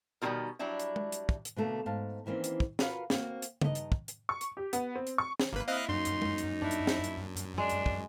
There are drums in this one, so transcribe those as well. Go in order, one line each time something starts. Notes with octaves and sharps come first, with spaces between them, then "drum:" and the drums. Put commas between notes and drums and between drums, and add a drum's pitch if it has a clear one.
B2 D#3 G3 E4 F4 A#4
F#3 G3 D4 E4
drum: hi-hat
drum: tom G#3
drum: hi-hat
drum: kick
drum: hi-hat
B2 D3 A3 A#3
G#2 F5 A5
D#3 E3 A#3 C4 C#4
drum: hi-hat
drum: kick
F4 F#4 A#4 B4 E5 F5, drum: snare
A#3 C4 F#4, drum: snare
drum: hi-hat
G2 D#4 E4 D#5, drum: tom C#3
drum: hi-hat
drum: kick
drum: hi-hat
C#6
drum: hi-hat
G4
B3, drum: hi-hat
C4
drum: hi-hat
C#6
drum: snare
G1 A#3 B4
C4 E4 D#5 F5 F#6
F#2 D#4 C6
drum: hi-hat
drum: tom G#3
drum: hi-hat
D4 E4
drum: hi-hat
drum: snare
drum: hi-hat
drum: hi-hat
G#3 D4
drum: hi-hat
drum: kick